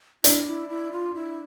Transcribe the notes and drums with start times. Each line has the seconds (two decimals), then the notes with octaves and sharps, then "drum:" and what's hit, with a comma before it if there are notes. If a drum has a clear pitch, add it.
0.24 D4 E4, drum: hi-hat
0.47 E4
0.69 E4
0.92 F4
1.14 E4